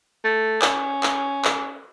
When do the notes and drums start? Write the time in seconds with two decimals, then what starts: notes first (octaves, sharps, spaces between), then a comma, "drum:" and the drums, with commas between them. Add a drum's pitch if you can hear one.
0.24 A3
0.62 C#4, drum: clap
1.03 drum: clap
1.45 drum: clap